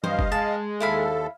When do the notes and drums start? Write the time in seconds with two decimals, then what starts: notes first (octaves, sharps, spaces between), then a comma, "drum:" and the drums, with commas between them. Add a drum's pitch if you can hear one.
0.04 G2 C5 D#5 F5, drum: tom E3
0.19 drum: kick F#1
0.32 G#3 A5
0.80 D#2 E4 A4 F5 B5